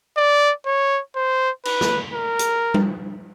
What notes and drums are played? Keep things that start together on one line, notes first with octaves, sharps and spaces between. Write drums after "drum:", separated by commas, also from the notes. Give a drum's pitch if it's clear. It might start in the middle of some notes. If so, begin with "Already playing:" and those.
D5
C#5
C5
B4, drum: cymbal
drum: snare
A#4
drum: hi-hat
drum: tom G3